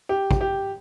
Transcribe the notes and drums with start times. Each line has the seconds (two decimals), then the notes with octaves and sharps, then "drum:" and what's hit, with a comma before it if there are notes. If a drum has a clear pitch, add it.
0.09 G4
0.31 drum: kick
0.41 G4